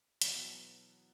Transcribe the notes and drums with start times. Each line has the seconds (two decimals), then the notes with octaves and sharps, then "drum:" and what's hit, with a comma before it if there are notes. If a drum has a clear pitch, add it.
0.22 B2 E3 F#3 B3 F#4, drum: hi-hat